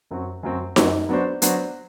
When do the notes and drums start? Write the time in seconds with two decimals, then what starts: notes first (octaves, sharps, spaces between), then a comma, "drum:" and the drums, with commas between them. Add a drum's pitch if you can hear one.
0.11 F#2 F#3 C4 F#4
0.43 F#2 F#3 C4 F#4
0.76 F#2 F#3 C4 F#4, drum: snare D#4
1.09 F#3 B3 D4 F#4 C5
1.42 F#3 B3 D4 F#4 C5, drum: hi-hat